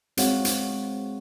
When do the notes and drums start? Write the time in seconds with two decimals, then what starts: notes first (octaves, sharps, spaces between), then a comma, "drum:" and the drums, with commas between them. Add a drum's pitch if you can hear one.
0.17 G#3 C4 F#4 C#5 F5 F#5, drum: hi-hat
0.45 drum: hi-hat